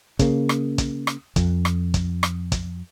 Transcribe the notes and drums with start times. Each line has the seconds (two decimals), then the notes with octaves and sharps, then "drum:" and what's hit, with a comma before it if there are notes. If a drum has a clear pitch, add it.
0.19 C#3 A#3, drum: kick, hi-hat
0.49 drum: rim click
0.78 drum: kick, hi-hat
1.07 drum: rim click
1.36 F2, drum: kick, hi-hat
1.65 drum: rim click
1.94 drum: kick, hi-hat
2.23 drum: rim click
2.52 drum: kick, hi-hat